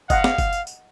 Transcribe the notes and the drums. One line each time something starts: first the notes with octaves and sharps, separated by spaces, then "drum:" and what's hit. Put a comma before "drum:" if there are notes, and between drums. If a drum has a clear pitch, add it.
D#5 F5 F#5, drum: kick F#1, tambourine
drum: snare
drum: kick F#1, tambourine
drum: tambourine
drum: tambourine